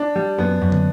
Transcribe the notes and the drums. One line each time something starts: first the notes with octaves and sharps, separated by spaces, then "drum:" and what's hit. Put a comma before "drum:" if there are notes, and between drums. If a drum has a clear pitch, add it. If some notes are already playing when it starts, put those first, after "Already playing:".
Already playing: D4
G3
F#2 B3
F#2
drum: tom